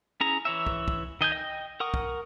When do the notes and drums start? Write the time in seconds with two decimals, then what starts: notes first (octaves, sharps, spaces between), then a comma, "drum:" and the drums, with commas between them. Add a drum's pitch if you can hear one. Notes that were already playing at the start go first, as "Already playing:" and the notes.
0.21 C#4 E4 G#4 A#5
0.45 E3 C#5 E5
0.66 drum: kick
0.88 drum: kick
1.21 D#3 D#5 G#5 G6
1.32 D#5 G5
1.80 A#4 F#5 C#6 D#6
1.94 drum: kick